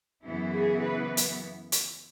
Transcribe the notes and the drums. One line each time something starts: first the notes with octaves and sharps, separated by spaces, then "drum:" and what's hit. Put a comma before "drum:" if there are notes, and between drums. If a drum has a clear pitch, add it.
F#2 C#3 E3 B3 E4
G#4
B4
drum: hi-hat
drum: hi-hat